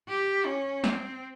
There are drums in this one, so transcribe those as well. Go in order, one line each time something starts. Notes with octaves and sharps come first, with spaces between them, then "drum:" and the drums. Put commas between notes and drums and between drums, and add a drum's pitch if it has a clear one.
G4
C#4
C4, drum: snare